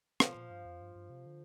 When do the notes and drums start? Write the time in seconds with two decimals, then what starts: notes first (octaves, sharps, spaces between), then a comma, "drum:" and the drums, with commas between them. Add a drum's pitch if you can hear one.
0.20 F3, drum: rim click
0.35 A#2
0.51 G2
0.65 F2
0.81 G2
0.95 G2
1.10 C3
1.26 D3